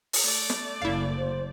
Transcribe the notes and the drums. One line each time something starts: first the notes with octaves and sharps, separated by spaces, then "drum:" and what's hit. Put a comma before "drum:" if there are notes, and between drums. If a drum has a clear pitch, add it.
drum: open hi-hat
A3 D5
drum: snare
F#1 E4 F5
C5